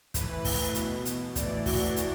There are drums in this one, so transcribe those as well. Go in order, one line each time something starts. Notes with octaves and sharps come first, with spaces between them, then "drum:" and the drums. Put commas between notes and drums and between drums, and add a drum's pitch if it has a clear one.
A2 E3 B4, drum: kick, hi-hat
drum: kick, open hi-hat
B2, drum: hi-hat
drum: hi-hat
A2 E3 D5, drum: kick, hi-hat
F#4, drum: kick, open hi-hat
drum: hi-hat